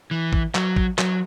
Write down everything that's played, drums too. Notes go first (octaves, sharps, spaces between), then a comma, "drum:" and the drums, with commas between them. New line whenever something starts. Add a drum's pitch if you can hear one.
E3
drum: kick
F#3, drum: clap
drum: kick
F#3, drum: clap